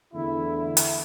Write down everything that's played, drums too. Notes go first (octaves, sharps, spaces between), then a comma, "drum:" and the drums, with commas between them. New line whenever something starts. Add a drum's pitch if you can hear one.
E2 D3 A3 E4
E4
drum: hi-hat